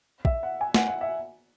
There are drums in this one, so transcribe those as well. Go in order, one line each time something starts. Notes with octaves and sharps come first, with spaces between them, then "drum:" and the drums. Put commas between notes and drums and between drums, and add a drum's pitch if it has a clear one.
E5, drum: kick
F#5
G#5
F#5, drum: snare
F#5
E5